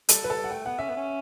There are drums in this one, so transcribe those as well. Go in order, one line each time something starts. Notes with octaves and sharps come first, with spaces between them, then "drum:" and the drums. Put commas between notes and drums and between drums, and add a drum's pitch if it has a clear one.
G3 A4, drum: hi-hat
F#3 B4
A4
G3
F#5
A3 G5
B3 F#5
C#4 E5
B3
C#4